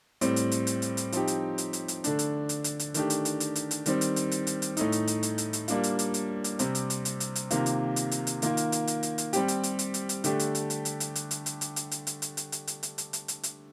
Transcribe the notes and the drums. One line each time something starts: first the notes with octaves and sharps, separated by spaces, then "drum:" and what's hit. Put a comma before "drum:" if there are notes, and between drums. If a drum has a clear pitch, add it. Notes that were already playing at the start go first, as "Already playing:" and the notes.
A2 G3 C4, drum: hi-hat
drum: hi-hat
drum: hi-hat
drum: hi-hat
drum: hi-hat
drum: hi-hat
F3 C4 D#4 G4, drum: hi-hat
drum: hi-hat
drum: hi-hat
drum: hi-hat
drum: hi-hat
D3 A3 D4, drum: hi-hat
drum: hi-hat
drum: hi-hat
drum: hi-hat
drum: hi-hat
D#3 A3 D4 G4, drum: hi-hat
drum: hi-hat
drum: hi-hat
drum: hi-hat
drum: hi-hat
drum: hi-hat
D#3 G3 C4, drum: hi-hat
drum: hi-hat
drum: hi-hat
drum: hi-hat
drum: hi-hat
drum: hi-hat
A2 A3 D#4, drum: hi-hat
drum: hi-hat
drum: hi-hat
drum: hi-hat
drum: hi-hat
drum: hi-hat
G3 A#3 D4 F4, drum: hi-hat
drum: hi-hat
drum: hi-hat
drum: hi-hat
drum: hi-hat
C3 G3 C4, drum: hi-hat
drum: hi-hat
drum: hi-hat
drum: hi-hat
drum: hi-hat
drum: hi-hat
C3 D#3 A#3 F4, drum: hi-hat
drum: hi-hat
drum: hi-hat
drum: hi-hat
drum: hi-hat
D#3 A#3 F4, drum: hi-hat
drum: hi-hat
drum: hi-hat
drum: hi-hat
drum: hi-hat
drum: hi-hat
G3 C4 G4, drum: hi-hat
drum: hi-hat
drum: hi-hat
drum: hi-hat
drum: hi-hat
drum: hi-hat
D3 A3 D4 G4, drum: hi-hat
drum: hi-hat
drum: hi-hat
drum: hi-hat
drum: hi-hat
drum: hi-hat
drum: hi-hat
drum: hi-hat
drum: hi-hat
drum: hi-hat
drum: hi-hat
drum: hi-hat
drum: hi-hat
drum: hi-hat
drum: hi-hat
drum: hi-hat
drum: hi-hat
drum: hi-hat
drum: hi-hat
drum: hi-hat
drum: hi-hat
drum: hi-hat